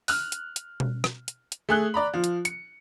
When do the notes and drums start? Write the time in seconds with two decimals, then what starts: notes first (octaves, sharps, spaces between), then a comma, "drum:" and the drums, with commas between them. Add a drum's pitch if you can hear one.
0.08 F6 F#6, drum: open hi-hat
0.32 drum: hi-hat
0.56 drum: hi-hat
0.80 drum: tom B2
1.04 drum: rim click
1.28 drum: hi-hat
1.52 drum: hi-hat
1.69 A3 G#4 F#6 G7
1.94 D5 A#5 B5
2.14 F3
2.24 drum: hi-hat
2.45 C#7, drum: hi-hat